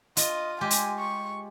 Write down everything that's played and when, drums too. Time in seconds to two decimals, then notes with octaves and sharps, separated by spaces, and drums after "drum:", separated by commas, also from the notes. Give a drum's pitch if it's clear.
0.17 F4 D#5, drum: hi-hat
0.61 G#3 G4 G#5
0.71 drum: hi-hat
0.99 C#6